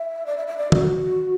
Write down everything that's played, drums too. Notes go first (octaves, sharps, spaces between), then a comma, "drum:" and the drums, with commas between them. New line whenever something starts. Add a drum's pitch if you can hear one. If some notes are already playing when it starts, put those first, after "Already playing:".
Already playing: E5
D5
E5
E5
D5
F#4, drum: tom